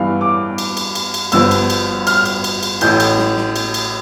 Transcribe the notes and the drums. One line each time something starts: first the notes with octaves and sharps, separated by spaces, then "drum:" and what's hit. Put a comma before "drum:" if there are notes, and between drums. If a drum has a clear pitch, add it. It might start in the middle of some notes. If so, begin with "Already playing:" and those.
Already playing: G2 E3 B3 F5
D6
drum: cymbal
drum: cymbal
drum: cymbal
drum: cymbal
G1 G2 F3 B3 E6, drum: cymbal
drum: cymbal
drum: cymbal
F6, drum: cymbal
drum: cymbal
drum: cymbal
drum: cymbal
A1 A2 E3 G6, drum: cymbal
drum: cymbal
drum: snare
drum: snare
drum: cymbal
drum: cymbal